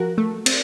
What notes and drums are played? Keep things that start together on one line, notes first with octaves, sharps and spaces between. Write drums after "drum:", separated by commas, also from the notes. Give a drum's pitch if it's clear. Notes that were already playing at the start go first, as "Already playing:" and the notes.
Already playing: F3 F#4 A#4
A3
C4, drum: cymbal